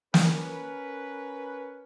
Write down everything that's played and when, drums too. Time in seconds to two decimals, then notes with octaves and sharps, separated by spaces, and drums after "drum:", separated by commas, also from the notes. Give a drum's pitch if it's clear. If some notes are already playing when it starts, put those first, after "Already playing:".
0.14 C#4 A#4 B4, drum: snare